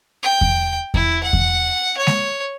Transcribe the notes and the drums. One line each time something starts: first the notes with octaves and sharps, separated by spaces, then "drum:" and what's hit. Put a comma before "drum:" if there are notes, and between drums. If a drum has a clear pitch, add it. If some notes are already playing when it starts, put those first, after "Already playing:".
G5
drum: kick E2
E4, drum: kick E2
F#5
drum: kick E2
C#5
drum: snare G#3